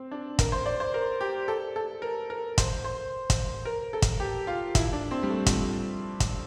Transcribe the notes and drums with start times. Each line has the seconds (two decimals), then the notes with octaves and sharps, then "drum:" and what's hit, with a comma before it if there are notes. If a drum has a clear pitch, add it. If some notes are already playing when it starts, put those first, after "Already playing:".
Already playing: C4
0.11 D4
0.39 A#4, drum: kick, hi-hat
0.52 C5
0.66 D5
0.80 C5
0.94 A#4
1.21 G4
1.48 A4
1.76 A4
2.02 A#4
2.30 A#4
2.58 C5, drum: kick, hi-hat
2.84 C5
3.30 drum: kick, hi-hat
3.65 A#4
3.93 A4
4.02 drum: kick, hi-hat
4.20 G4
4.47 F4
4.75 E4, drum: kick, hi-hat
4.93 D4
5.11 C4
5.23 G3
5.30 A3
5.46 F3, drum: kick, hi-hat
5.56 G3
6.20 drum: kick, hi-hat